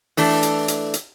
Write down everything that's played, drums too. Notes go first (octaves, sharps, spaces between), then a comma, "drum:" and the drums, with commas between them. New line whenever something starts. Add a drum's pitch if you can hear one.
E3 A3 D4, drum: open hi-hat
drum: hi-hat
drum: hi-hat
drum: hi-hat